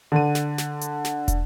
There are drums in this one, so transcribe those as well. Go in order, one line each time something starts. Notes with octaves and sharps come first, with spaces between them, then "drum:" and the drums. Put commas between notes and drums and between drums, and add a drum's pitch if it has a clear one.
D3 D#7
drum: snare
drum: snare
drum: hi-hat
drum: snare
drum: kick, hi-hat